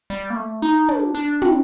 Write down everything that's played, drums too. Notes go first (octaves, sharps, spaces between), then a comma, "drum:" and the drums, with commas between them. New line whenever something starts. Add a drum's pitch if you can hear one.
G3
A#3
A3
D#4
D4, drum: tom
D4
C4, drum: tom